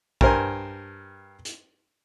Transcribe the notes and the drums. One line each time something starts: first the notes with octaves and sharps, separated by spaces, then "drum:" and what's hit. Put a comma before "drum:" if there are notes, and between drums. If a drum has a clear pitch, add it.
G2 A#4 C5 G#5, drum: kick A#1
drum: hi-hat